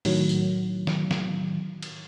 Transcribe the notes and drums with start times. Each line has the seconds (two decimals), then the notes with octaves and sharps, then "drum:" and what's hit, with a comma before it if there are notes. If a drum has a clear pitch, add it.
0.05 A2 D#3 F#3, drum: open hi-hat
0.29 drum: tambourine
0.87 drum: snare
1.11 drum: snare
1.83 drum: cymbal